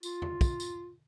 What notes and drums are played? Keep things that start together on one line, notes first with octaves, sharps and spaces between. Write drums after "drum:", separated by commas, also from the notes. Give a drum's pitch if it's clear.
F4, drum: tambourine
drum: tom E2
drum: kick, tambourine
drum: tambourine